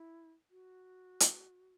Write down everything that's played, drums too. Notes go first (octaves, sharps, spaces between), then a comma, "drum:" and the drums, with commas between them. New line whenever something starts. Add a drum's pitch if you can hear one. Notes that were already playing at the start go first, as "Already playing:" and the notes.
Already playing: E4
F#4
drum: hi-hat